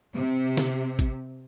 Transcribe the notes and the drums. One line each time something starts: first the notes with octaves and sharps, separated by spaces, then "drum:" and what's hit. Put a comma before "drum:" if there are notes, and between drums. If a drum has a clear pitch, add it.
C3
drum: snare
drum: kick, hi-hat